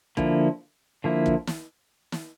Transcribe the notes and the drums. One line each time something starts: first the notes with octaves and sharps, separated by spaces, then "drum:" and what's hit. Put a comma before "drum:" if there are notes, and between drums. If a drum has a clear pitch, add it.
D3 F3 A#3 E4, drum: kick
D3 F3 A#3 E4
drum: kick
drum: snare
drum: snare